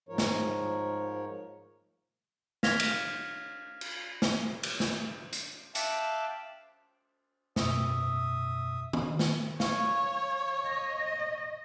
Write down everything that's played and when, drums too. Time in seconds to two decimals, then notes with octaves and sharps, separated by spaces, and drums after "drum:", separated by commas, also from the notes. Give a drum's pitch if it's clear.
0.09 G#2 F3 A#4 C#5
0.18 drum: snare
2.63 F5 F6 G#6 A#6 B6 F7, drum: snare
2.80 drum: cymbal
3.81 drum: cymbal
4.22 drum: snare
4.63 drum: cymbal
4.80 drum: snare
5.33 drum: hi-hat
5.75 E5 F5 G5 A5 D6 F#6, drum: hi-hat
7.56 F#2 B2 E5 D#6, drum: snare
8.93 drum: tom D#3
9.19 drum: snare
9.60 C#5 F5 C#6, drum: snare
10.66 D#5